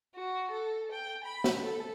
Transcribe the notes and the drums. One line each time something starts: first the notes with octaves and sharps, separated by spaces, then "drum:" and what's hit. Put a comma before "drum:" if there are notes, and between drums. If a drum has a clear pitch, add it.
F#4
A4
G5
B5
drum: snare
A4